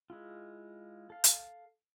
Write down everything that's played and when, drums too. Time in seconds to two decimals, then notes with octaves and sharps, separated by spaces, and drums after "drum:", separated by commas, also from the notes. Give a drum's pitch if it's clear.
0.10 G#3 E4 F4
1.10 A4 F5
1.24 drum: hi-hat